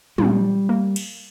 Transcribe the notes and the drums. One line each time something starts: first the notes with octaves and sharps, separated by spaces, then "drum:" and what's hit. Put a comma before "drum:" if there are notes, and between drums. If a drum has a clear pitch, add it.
A#2 G3, drum: tom
A#3
drum: cymbal